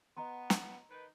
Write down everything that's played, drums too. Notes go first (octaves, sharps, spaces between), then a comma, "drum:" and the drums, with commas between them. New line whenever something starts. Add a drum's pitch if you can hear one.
B3 D#5 A#5 C6
drum: snare
D#3 D#4 B4